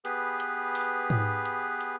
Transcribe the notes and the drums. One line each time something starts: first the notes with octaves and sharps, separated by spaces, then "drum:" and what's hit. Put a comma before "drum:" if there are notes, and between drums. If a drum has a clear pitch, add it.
B3 G4 G#4 B4, drum: hi-hat
drum: hi-hat
drum: open hi-hat
drum: tom G#2
drum: hi-hat
drum: hi-hat